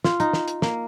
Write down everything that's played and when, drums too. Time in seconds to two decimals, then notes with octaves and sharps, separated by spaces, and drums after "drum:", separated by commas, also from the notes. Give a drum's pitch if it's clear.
0.04 F4, drum: snare
0.20 D#4, drum: hi-hat
0.33 drum: snare
0.48 drum: hi-hat
0.62 A#3, drum: snare